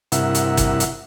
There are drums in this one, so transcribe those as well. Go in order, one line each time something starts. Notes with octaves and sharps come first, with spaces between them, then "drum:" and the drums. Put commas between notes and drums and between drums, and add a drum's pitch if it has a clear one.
G2 C3 E4 A#4 E5 F#5, drum: hi-hat
drum: hi-hat
drum: kick, hi-hat
drum: hi-hat